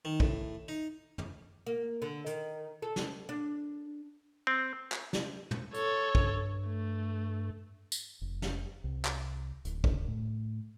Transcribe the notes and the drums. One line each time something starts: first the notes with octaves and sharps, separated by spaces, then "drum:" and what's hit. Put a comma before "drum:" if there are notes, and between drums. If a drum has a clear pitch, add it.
D#3
A2, drum: kick
D#4
drum: tom
A#3
D3
D#3, drum: hi-hat
A4
drum: snare
D4
C4
drum: clap
drum: snare
drum: tom
A4 C#5, drum: hi-hat
G2, drum: kick
A3
drum: tambourine
F1
drum: snare
C2
drum: clap
D1, drum: hi-hat
drum: kick
A2